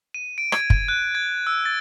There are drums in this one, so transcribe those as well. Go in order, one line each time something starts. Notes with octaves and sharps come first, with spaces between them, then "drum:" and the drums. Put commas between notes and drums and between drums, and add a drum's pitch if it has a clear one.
D#7
D7
G#6, drum: rim click
drum: kick
F#6
G#6
E6
A6